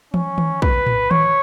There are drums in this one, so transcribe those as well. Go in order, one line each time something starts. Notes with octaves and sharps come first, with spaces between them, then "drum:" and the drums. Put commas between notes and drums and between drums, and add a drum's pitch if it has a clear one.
C#4, drum: tom E3
drum: tom D#3
B4, drum: kick
drum: tom A2
C#5, drum: tom D#3